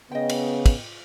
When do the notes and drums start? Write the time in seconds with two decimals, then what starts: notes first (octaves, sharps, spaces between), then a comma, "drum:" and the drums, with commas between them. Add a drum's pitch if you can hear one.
0.11 C#3 B3 D#5 G5
0.30 drum: cymbal
0.66 drum: kick, cymbal